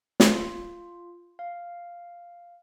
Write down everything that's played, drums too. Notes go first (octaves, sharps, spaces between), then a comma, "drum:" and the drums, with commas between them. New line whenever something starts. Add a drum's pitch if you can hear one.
F4, drum: snare
F5